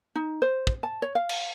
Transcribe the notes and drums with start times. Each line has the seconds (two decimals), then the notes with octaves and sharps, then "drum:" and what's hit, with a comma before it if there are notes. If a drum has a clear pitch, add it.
0.15 D#4
0.42 C5
0.67 drum: kick
0.83 A5
1.02 C#5
1.15 F5
1.29 drum: cymbal